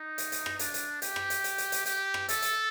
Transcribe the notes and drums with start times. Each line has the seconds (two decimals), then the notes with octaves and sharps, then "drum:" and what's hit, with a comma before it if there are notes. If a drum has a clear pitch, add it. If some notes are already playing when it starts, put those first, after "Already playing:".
Already playing: D#4
0.18 drum: hi-hat
0.32 drum: hi-hat
0.46 drum: rim click
0.59 D4, drum: hi-hat
0.74 drum: hi-hat
1.02 G4, drum: hi-hat
1.16 drum: rim click
1.30 drum: hi-hat
1.44 drum: hi-hat
1.58 drum: hi-hat
1.72 drum: hi-hat
1.86 G4, drum: hi-hat
2.14 drum: rim click
2.29 A4, drum: hi-hat
2.42 drum: hi-hat